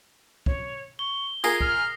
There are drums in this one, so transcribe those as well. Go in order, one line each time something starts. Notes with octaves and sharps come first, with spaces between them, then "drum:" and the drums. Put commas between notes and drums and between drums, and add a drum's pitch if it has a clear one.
C#5, drum: kick
C#6 G7
F4 G#4 A#4 D#6 G#6 A#6 C7, drum: tambourine
F6, drum: kick